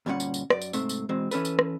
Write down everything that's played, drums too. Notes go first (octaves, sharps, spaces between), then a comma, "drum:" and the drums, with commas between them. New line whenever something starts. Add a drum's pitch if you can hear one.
D2 G2 A#2 G3 C#4 F#5
drum: tambourine
drum: tambourine
F#2 D5, drum: rim click
drum: tambourine
G#2 C3 A3 C4, drum: tambourine
drum: tambourine
E2 B2 G#3 C4
E3 C#4 A4 B4, drum: tambourine
drum: tambourine
drum: rim click